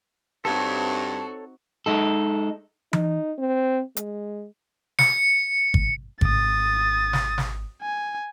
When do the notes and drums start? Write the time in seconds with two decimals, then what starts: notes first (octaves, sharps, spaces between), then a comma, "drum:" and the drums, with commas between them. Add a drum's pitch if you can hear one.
0.45 G2 C4 D#4 F#4 A4 C#5 A5
1.86 G#3 D#4 A4
2.93 D#4, drum: tom E3
3.38 C4
3.97 G#3, drum: hi-hat
4.99 C#7, drum: snare
5.74 drum: kick
6.21 G#1 D#6 A6, drum: kick
7.13 drum: snare
7.38 drum: snare
7.82 G#5